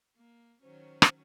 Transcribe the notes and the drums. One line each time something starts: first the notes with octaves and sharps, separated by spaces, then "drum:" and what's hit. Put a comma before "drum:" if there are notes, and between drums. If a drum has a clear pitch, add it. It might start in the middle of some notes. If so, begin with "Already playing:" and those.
A#3
D#3 F#3 C#4 C5
drum: rim click